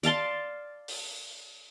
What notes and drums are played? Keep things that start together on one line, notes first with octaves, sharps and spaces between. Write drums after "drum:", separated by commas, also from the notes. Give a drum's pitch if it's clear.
D5 F5 A5 C6, drum: hi-hat
drum: open hi-hat